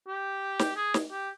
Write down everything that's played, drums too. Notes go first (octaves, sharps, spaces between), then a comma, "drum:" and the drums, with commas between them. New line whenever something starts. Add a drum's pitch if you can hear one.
G4
drum: snare
G#4
drum: snare
G4